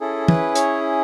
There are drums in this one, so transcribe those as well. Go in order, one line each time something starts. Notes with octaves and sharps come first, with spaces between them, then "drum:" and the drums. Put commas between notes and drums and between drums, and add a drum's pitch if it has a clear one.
C#4 E4 G#4 A4
B4, drum: tom
C#5, drum: hi-hat